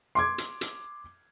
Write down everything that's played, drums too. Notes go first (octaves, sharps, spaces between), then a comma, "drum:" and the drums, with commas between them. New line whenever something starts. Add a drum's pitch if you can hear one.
C6 D6 G#6
drum: hi-hat
drum: hi-hat